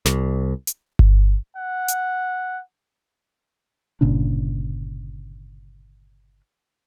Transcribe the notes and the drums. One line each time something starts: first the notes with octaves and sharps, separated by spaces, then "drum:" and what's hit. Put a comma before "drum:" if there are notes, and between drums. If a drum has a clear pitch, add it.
C2, drum: snare
drum: hi-hat
drum: kick G1
F#5
drum: hi-hat
G1 A#2 C#3 D4